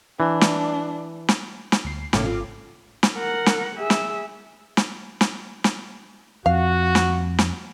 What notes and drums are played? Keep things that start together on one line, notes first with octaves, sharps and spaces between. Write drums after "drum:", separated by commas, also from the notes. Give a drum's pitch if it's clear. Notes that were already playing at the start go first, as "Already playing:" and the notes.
E3 D4
drum: snare
drum: snare
drum: snare
D2 C7
G#1 A2 C#3 A#3 A4 D6, drum: snare
C4 F4 F5
drum: snare
A#4 F#5
drum: snare
G#4 E5
drum: snare
drum: snare
drum: snare
drum: snare
F2 F#4 F5
drum: snare
drum: snare